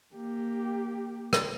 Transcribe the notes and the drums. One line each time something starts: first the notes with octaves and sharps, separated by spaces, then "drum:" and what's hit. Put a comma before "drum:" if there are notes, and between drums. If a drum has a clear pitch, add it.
A#3 G4
drum: rim click